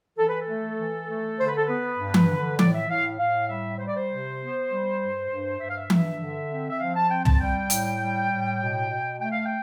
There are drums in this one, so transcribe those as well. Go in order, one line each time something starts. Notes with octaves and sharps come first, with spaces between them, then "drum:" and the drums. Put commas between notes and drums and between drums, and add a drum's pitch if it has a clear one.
E3 A4
B4
A4
A3
E3
A3
D3 C5
B4
A4
B3 B4
G2
drum: tom E3
D3
A2 D5, drum: tom E3
E5
A2 F5
A2 F5
G3 E5
G3 C5
D5
C5
C3
B3
G3
G2
G2
G2 E5
F5
E5
G2, drum: tom E3
D3
C4
E5
F3 F5
A5
C4 G5
A5, drum: tom
G3 G5
A2, drum: hi-hat
G3
A2
B2
B2
A3 G5
F5
G5